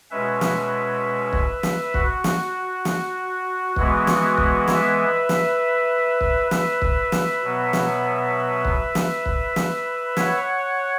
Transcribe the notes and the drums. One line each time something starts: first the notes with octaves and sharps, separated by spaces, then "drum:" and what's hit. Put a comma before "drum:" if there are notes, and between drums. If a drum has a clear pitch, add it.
B2 G#3 C#4 B4 E5
drum: snare
drum: kick
drum: snare
F#4, drum: kick
drum: snare
drum: snare
E3 G#3 B3 F#4, drum: kick
drum: snare
drum: kick
B4 E5, drum: snare
drum: snare
drum: kick
B4 E5, drum: snare
drum: kick
drum: snare
B2 F#3 B3
drum: snare
drum: kick
drum: snare
drum: kick
drum: snare
C#5 F#5, drum: snare